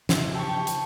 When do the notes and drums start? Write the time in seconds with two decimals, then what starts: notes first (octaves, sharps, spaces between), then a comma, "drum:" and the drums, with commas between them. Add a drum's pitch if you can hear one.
0.09 C#3 E4, drum: snare
0.35 G4 A5 C#6
0.67 drum: hi-hat